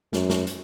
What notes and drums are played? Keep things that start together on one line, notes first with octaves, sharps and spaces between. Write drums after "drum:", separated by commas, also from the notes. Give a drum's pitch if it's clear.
F#2, drum: snare
drum: snare
drum: hi-hat